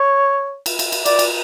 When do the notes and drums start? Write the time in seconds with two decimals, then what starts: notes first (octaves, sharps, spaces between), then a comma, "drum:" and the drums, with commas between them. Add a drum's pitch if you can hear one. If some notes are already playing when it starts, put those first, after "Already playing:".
Already playing: C#5
0.66 drum: cymbal
0.79 drum: cymbal
0.92 drum: cymbal
1.05 D5, drum: cymbal
1.19 drum: cymbal